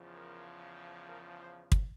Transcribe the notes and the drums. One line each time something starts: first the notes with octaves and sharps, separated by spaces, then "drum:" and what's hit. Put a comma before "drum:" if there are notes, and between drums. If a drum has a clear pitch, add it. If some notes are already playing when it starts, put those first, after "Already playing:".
Already playing: E2 C#3 F3
A#4
A#4
C5
drum: kick